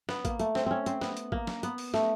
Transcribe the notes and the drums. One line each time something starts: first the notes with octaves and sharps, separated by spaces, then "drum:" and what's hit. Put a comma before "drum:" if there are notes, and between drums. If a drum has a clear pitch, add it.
B3, drum: snare
A#3, drum: kick A1, hi-hat
A3, drum: hi-hat
C4, drum: snare
C4 C#4
C4, drum: hi-hat
B3, drum: snare
drum: hi-hat
A#3, drum: kick A1
drum: snare
B3, drum: hi-hat
drum: open hi-hat
A3, drum: snare